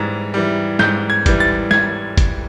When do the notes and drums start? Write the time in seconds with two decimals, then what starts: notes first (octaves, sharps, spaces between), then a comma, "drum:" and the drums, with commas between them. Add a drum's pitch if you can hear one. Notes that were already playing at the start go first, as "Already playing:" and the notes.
Already playing: G#2 E3 G3
0.34 E3 G3
0.79 G#2 G6, drum: snare
1.10 G#6
1.26 E3 G3, drum: kick G1, hi-hat
1.40 A6
1.71 G#6, drum: snare
2.17 drum: kick G1, hi-hat